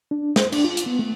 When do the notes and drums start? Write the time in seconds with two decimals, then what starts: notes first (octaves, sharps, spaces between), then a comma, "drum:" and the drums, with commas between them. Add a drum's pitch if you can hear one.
0.11 D4
0.36 C5, drum: snare
0.52 D4, drum: cymbal
0.64 F4
0.77 drum: hi-hat
0.86 B3
0.99 A3